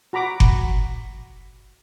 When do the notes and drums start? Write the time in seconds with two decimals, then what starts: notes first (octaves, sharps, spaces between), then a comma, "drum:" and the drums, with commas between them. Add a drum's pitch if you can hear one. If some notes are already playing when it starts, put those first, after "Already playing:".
0.13 F#4 A#5 B5 D6
0.40 drum: kick F#1